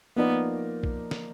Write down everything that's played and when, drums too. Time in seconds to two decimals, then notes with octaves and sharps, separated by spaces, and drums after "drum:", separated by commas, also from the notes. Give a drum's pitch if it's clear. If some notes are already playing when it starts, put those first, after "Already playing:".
0.16 F3 A#3 B3 D#4 A#4 D5
0.83 drum: kick
1.11 drum: snare